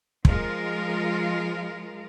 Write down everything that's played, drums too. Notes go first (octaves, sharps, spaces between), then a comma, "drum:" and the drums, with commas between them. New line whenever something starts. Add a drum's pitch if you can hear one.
F3 G#3 F4 A#4, drum: kick